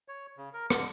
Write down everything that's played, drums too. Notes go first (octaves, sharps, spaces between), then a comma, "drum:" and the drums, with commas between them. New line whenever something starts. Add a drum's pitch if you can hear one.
C#5
C#3
A#4
D3, drum: rim click